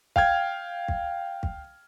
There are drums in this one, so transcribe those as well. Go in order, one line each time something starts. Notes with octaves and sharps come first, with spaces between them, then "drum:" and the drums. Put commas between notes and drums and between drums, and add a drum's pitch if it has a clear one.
F5 G5 F6 G#6, drum: kick
drum: kick
drum: kick